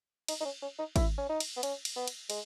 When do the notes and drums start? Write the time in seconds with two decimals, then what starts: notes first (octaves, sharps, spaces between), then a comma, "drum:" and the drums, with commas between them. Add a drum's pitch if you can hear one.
0.28 D#4, drum: cymbal
0.41 D#4
0.45 C#4
0.62 C#4
0.79 D#4
0.96 E4, drum: kick G#1, cymbal
1.18 C#4
1.29 D#4
1.40 drum: cymbal
1.57 B3
1.63 C#4, drum: cymbal
1.85 drum: cymbal
1.96 B3
2.08 drum: cymbal
2.30 G#3, drum: cymbal